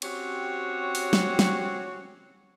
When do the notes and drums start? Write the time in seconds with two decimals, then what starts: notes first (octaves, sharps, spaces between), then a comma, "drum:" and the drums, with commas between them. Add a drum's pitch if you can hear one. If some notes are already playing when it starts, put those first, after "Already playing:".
0.02 C4 C#4 F#4 G4 C#5, drum: cymbal
0.95 drum: open hi-hat
1.13 drum: snare
1.39 drum: snare